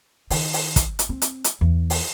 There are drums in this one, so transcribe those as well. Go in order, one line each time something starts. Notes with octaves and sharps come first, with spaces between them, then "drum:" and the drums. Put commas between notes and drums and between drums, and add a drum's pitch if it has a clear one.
D#3, drum: open hi-hat
drum: open hi-hat
drum: kick, hi-hat
drum: hi-hat
C4
drum: hi-hat
drum: hi-hat
E2
drum: open hi-hat